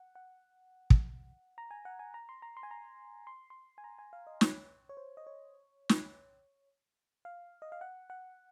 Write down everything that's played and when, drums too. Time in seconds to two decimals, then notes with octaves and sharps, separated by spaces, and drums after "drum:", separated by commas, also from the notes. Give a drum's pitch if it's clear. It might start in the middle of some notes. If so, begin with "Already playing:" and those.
Already playing: F#5
0.15 F#5
0.90 drum: kick
1.58 A#5
1.71 G#5
1.85 F#5
1.99 G#5
2.14 A#5
2.29 C6
2.42 A#5
2.57 C6
2.63 G#5
2.71 A#5
3.27 C6
3.50 C6
3.78 G#5
3.84 A#5
3.99 G#5
4.13 F5
4.27 D#5
4.41 C#5, drum: snare
4.89 C#5
4.97 C5
5.17 D#5
5.27 C#5
5.89 drum: snare
7.25 F5
7.62 D#5
7.72 F5
7.81 F#5
8.10 F#5